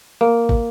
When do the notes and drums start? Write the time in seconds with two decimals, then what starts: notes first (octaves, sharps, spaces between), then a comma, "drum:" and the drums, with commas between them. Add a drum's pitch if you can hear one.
0.21 A#3
0.49 drum: kick